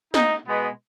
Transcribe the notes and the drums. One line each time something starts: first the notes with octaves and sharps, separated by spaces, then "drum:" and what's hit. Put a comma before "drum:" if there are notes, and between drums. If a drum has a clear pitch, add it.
D#4, drum: snare
B2 G#3 B3